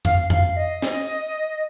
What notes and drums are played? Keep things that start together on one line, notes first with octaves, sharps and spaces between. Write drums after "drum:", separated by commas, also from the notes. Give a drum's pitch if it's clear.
F5, drum: tom F2
F5, drum: tom F2
D#5
drum: snare